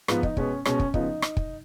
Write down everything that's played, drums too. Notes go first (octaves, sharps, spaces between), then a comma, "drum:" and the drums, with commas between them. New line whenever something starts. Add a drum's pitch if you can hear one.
G#2 F3 B3 B4, drum: rim click
D#4, drum: kick
B2 G#3 B3 C#4, drum: kick
B2 G#3 B3 C#4, drum: rim click
drum: kick
C#3 F3 B3 D#4, drum: kick
drum: rim click
drum: kick